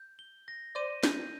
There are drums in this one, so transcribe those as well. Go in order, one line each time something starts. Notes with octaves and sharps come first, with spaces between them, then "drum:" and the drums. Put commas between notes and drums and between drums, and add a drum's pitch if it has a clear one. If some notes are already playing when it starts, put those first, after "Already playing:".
Already playing: G6
G7
A#6
C5 D5 D#7
G6, drum: snare